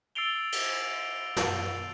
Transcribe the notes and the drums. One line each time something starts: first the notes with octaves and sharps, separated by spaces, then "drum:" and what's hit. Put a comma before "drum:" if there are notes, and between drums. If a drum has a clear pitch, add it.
E6 A6 C7 D7 F7 G7
drum: cymbal
drum: snare